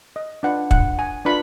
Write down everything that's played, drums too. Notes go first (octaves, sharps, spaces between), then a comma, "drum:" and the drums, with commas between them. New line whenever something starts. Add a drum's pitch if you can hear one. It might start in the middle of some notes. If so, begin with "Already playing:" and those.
D#5
D4 F4 B4 F#5
F#5, drum: kick
G#5
D4 F4 B4 B5